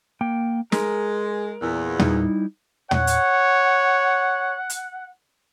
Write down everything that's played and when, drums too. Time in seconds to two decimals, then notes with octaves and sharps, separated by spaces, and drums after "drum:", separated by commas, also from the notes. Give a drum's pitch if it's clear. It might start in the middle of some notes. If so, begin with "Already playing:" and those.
0.21 A#3 G5
0.72 G#3 A#4, drum: snare
1.61 E2 A#2
1.99 G3 D#4 E4, drum: tom
2.91 C#5 F#5, drum: tom
3.07 drum: hi-hat
4.70 drum: hi-hat